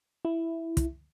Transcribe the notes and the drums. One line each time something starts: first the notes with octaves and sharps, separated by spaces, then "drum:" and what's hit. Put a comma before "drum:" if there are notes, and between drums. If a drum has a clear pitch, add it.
E4
drum: kick, hi-hat